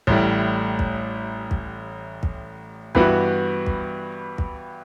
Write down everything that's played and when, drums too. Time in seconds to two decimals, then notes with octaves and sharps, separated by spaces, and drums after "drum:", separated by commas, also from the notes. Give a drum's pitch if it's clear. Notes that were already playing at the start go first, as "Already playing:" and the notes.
0.07 A1 A2 G3, drum: kick
0.79 drum: kick
1.51 drum: kick
2.23 drum: kick
2.95 G2 E3 B3 F#4, drum: kick
3.66 drum: kick
4.38 drum: kick